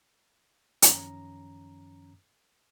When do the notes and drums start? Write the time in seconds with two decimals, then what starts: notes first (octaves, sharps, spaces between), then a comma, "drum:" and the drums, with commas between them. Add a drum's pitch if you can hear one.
0.82 F#2 D#3 F3 C#4 A#5, drum: hi-hat